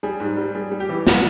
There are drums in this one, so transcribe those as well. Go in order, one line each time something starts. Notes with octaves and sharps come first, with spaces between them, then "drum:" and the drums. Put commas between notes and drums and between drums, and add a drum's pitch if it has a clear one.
G3 G#4
G#2
G3
G3 G#4
G3
G4
E3
G3 F#4, drum: snare